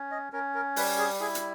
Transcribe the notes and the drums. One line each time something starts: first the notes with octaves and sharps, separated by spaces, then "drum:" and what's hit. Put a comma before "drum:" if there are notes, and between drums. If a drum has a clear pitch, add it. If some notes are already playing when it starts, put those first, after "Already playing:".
Already playing: C#4
D#5
C#4 A#4
A#4
G3 B4, drum: open hi-hat
G#4
E4 G#4
drum: hi-hat